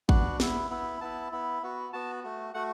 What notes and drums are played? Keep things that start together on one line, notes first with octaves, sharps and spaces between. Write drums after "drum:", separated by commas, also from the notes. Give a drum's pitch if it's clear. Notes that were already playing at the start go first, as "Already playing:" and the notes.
B3 D4 F#4 F#5, drum: kick
B3 E4, drum: snare
B3 E4
B3 E4 A5
B3 E4
B3 F#4
B3 F#4 A5
A3 F#4
A3 F#4 F#5